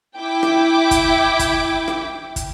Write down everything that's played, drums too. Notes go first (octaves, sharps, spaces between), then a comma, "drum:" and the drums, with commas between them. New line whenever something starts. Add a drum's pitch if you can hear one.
E4 G5 D6
drum: rim click
drum: kick, hi-hat
drum: kick, hi-hat
drum: rim click
drum: kick, hi-hat